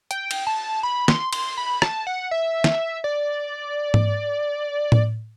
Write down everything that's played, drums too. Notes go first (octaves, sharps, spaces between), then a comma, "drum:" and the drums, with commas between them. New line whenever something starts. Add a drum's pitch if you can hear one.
G5, drum: hi-hat
drum: cymbal
A5
B5
C6, drum: snare
C6, drum: cymbal
B5
A5, drum: rim click
F#5
E5
drum: snare
D5
drum: tom G#2
drum: tom A2